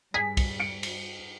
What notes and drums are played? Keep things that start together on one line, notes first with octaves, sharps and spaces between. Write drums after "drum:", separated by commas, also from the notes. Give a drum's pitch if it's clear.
G2 G#4 B6
drum: kick, cymbal
C#7 D7
drum: cymbal